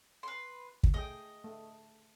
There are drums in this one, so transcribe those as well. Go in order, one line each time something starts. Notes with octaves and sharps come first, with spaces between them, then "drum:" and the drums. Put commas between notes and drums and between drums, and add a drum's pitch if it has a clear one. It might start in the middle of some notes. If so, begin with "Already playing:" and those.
B4 C6
drum: kick
A3 G#4 D#5 G5
A3